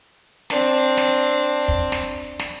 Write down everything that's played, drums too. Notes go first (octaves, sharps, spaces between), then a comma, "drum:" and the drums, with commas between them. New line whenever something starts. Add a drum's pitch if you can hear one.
C4 D4, drum: snare
drum: snare
drum: kick
drum: snare
drum: snare